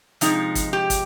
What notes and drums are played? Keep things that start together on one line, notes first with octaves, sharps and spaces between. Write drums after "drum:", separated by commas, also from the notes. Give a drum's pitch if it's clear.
C3 F3 G#3 D#4, drum: hi-hat
drum: kick, hi-hat
G4
drum: kick, hi-hat